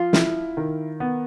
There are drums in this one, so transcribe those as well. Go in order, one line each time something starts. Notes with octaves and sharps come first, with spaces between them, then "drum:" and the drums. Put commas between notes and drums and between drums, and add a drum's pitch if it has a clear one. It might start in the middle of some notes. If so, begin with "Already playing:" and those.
Already playing: F3 F4
E4, drum: snare
D#3
B3